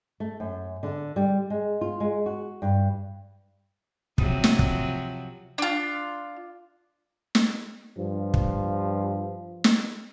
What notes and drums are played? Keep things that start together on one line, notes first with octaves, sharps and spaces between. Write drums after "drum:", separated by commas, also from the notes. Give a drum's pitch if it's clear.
A3
F#2
D3
G3
G#3
F4
G#3
F#4
G2
C3 F3 F#3, drum: kick
drum: snare
drum: kick
D4 F4
drum: snare
G2 F3
drum: kick
drum: snare